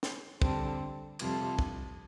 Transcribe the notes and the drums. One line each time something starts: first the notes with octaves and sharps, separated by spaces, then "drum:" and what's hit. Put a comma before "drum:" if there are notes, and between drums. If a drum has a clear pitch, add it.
drum: snare
D3 G3 C4 A4, drum: kick
F2 C3 G3 F4 A4, drum: cymbal
drum: kick